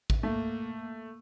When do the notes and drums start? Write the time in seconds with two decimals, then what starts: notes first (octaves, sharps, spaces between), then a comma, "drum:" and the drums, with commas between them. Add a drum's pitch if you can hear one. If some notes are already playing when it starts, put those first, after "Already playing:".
0.10 drum: kick
0.23 A3 A#3